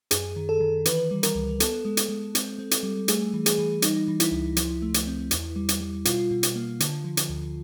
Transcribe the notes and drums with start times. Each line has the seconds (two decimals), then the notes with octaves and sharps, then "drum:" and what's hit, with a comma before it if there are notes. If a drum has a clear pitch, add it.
0.11 F#2 G#4, drum: hi-hat
0.36 D#3
0.49 A4
0.60 D#3
0.85 E3 B4, drum: hi-hat
1.11 G3
1.23 A#4, drum: hi-hat
1.35 C#2
1.60 B3 A4, drum: hi-hat
1.85 G#3
1.97 drum: hi-hat
2.09 G#3
2.35 C4, drum: hi-hat
2.59 C4
2.71 drum: hi-hat
2.83 G3
3.08 A3 G#4, drum: hi-hat
3.34 E3
3.46 G#4, drum: hi-hat
3.59 E3
3.82 G3 D#4, drum: hi-hat
4.08 E3
4.20 E4, drum: hi-hat
4.32 C#2
4.56 F3, drum: hi-hat
4.82 A3
4.94 drum: hi-hat
5.07 C4
5.31 E2, drum: hi-hat
5.56 G3
5.69 drum: hi-hat
5.81 G3
6.05 B2 F4, drum: hi-hat
6.31 B2
6.43 drum: hi-hat
6.56 A#3
6.80 D3, drum: hi-hat
7.04 F3
7.17 drum: hi-hat
7.29 D2